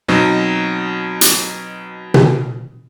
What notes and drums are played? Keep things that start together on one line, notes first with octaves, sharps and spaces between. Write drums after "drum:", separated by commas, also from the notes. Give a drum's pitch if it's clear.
B2 F#3 C4 D#4
drum: hi-hat
drum: tom B2